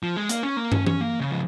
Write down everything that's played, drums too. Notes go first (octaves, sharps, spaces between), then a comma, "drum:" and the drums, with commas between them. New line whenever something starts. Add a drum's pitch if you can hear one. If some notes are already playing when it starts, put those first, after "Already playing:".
F3
G#3
A#3, drum: hi-hat
C#4
A#3
C#4, drum: tom
C#4, drum: tom E3
A#3
C#3
F3